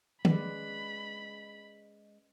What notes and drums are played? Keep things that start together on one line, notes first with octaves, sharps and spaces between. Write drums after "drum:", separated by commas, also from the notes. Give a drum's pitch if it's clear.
G#3 C#4 B4 D5 B5, drum: tom